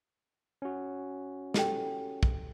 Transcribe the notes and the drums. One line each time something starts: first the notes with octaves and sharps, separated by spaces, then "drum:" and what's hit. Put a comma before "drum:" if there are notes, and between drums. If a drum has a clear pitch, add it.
C#4 F#4
G4 A4 G5, drum: snare
drum: kick